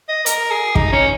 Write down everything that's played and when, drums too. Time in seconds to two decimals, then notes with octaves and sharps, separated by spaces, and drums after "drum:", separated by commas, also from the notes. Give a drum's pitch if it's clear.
0.09 D#5
0.26 A#4, drum: hi-hat
0.51 G#4
0.75 D#4, drum: kick
0.92 C#4